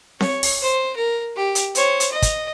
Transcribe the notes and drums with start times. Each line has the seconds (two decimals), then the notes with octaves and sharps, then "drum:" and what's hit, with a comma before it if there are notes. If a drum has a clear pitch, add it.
0.21 C#5, drum: snare C4
0.43 drum: open hi-hat
0.62 C5
0.96 A#4
1.37 G4
1.55 drum: hi-hat
1.75 C5 C#5, drum: hi-hat
2.00 drum: hi-hat
2.12 D#5
2.22 drum: kick, hi-hat